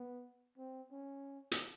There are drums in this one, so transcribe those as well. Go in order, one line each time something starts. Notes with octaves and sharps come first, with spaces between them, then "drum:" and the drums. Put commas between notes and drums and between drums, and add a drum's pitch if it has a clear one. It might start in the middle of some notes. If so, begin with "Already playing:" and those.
Already playing: B3
C4
C#4
drum: hi-hat